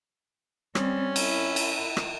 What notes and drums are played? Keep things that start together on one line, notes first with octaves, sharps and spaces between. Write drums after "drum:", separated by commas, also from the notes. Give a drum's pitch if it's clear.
G3 C4 C#4, drum: rim click
E4, drum: cymbal
drum: cymbal
drum: rim click